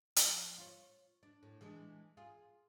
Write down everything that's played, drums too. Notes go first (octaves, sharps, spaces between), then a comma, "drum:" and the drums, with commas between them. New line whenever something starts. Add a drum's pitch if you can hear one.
F3, drum: hi-hat
F4 C#5
D4
A2
E3 G#3 D4
F4 G#4